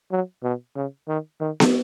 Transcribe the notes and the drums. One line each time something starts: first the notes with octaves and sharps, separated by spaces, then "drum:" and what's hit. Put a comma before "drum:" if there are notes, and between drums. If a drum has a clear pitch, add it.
F#3
B2
C#3
D#3
D#3
drum: snare B3